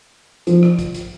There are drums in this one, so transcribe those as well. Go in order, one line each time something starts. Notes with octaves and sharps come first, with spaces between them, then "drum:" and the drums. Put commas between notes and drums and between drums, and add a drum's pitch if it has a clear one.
F3, drum: hi-hat
drum: rim click
drum: kick, hi-hat
drum: hi-hat